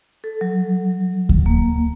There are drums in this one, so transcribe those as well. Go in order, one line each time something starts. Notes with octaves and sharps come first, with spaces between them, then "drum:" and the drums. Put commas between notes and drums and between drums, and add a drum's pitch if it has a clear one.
A4
F#3
drum: kick D2
A#3